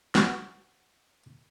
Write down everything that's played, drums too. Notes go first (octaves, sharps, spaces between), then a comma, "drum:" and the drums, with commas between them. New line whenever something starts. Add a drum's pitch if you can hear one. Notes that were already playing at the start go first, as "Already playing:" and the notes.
B3 F#4, drum: snare